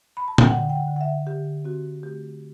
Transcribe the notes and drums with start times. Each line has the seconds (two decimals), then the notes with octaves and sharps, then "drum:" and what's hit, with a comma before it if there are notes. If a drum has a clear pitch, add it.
0.17 B5
0.28 A5
0.38 G5, drum: tom
0.50 D3 F#5
0.69 G5
0.75 F#5
0.88 D3
0.96 F#5
1.01 E5
1.27 D3 G4
1.64 C4 F#4
2.03 A3 G4